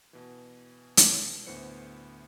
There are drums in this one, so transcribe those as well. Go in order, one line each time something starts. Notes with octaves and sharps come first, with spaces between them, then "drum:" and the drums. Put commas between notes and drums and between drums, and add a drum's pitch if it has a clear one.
B2 E3
drum: hi-hat
D2 A2 B3 E4 C5 C#7